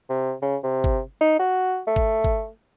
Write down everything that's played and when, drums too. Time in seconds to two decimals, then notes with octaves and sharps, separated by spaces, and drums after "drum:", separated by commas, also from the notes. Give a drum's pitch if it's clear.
0.09 C3
0.42 C#3
0.63 C3
0.84 drum: kick
1.21 D#4
1.39 F#4
1.87 A3
1.96 drum: kick
2.24 drum: kick